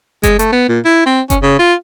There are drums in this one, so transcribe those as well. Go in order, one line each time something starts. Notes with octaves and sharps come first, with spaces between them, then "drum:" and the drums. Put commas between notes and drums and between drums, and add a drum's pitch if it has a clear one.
G#3, drum: kick F#1, hi-hat
A3, drum: hi-hat
B3
A#2
E4
C4
C#4, drum: kick F#1, hi-hat
C#3
F4